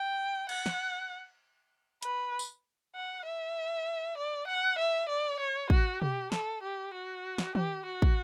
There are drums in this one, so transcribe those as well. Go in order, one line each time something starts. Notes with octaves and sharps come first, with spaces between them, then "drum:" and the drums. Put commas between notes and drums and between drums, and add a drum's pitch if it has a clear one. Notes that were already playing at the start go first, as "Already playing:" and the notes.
Already playing: G5
F#5, drum: cymbal
drum: snare
B4, drum: hi-hat
drum: tambourine
F#5
E5
D5
F#5
E5
D5
C#5
F#4, drum: kick
G4, drum: tom
A4, drum: snare
G4
F#4
drum: snare
G4, drum: tom
F#4
drum: kick